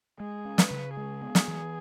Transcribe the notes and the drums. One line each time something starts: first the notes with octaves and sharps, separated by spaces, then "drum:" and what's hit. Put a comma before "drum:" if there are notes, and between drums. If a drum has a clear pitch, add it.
G#3 G#4
C#4
B4, drum: snare
C#3
G#3 G#4
B3
drum: snare
E3